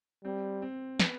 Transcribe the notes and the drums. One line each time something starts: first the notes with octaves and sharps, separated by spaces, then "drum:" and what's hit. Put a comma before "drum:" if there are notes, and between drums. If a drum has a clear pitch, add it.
G3 C4
C4
B3, drum: snare